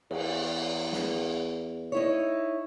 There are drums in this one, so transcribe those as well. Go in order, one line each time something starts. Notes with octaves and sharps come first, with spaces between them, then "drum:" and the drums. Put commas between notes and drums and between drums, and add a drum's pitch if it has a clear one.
E2, drum: cymbal
drum: snare
D#4 E4 C#5